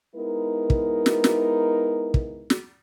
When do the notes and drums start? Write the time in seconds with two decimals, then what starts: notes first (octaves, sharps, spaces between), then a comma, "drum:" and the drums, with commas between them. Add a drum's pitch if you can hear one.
0.16 G#3 B3 D#4 E4 A#4
0.70 drum: kick
1.06 drum: snare
1.24 drum: snare
2.14 drum: kick
2.50 drum: snare